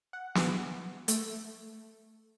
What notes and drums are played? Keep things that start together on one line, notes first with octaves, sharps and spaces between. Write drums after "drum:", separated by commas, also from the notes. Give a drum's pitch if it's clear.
F#5
drum: snare
A3, drum: hi-hat